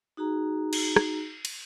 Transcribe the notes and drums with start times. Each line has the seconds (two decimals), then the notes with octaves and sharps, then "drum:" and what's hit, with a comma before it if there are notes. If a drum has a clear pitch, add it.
0.17 D#4 F#4 G#4 A#5
0.73 drum: cymbal
0.96 drum: rim click
1.45 drum: cymbal